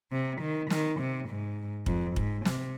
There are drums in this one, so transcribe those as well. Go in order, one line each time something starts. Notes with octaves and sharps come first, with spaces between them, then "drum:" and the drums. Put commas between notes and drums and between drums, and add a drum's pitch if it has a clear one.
C3
D#3
D#3, drum: snare
C3
G#2
F2, drum: kick
G#2, drum: kick
C3, drum: snare